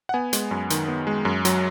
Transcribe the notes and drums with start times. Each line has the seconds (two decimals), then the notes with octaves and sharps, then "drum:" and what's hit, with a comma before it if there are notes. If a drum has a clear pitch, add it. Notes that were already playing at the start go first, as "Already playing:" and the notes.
0.09 F#5
0.14 B3 G#5
0.33 G#3, drum: hi-hat
0.51 F#2
0.70 D#3, drum: hi-hat
0.88 B3
1.07 G#3
1.25 F#2
1.45 F#3, drum: hi-hat